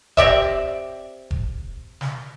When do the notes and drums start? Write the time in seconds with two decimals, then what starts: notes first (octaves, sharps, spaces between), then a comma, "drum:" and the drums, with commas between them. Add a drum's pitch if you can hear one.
0.17 C4 G4 D5 E5, drum: kick E1
1.31 drum: kick E1
2.01 drum: snare